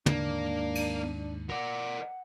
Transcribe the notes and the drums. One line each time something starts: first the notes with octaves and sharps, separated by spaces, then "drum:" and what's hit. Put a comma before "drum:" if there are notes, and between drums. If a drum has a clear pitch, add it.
D#2 G#2 A#3 D4, drum: tom
drum: cymbal
A#4 D5 F#5